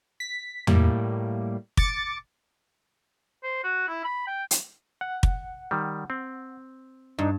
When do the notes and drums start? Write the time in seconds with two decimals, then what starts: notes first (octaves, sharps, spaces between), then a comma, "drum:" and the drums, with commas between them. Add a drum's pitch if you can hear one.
0.20 B6
0.67 A2 G3 A#3, drum: tom E2
1.77 D6 A6 C#7, drum: kick
3.43 C5
3.64 F#4
3.88 E4
4.04 B5
4.27 G5
4.51 drum: hi-hat
5.01 F#5
5.23 drum: kick
5.71 D#3 G3
6.10 C4
7.19 G2 D4 D#4